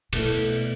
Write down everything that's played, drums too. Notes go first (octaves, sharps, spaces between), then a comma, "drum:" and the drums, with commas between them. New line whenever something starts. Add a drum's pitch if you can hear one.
B2 A3 E4 A4, drum: cymbal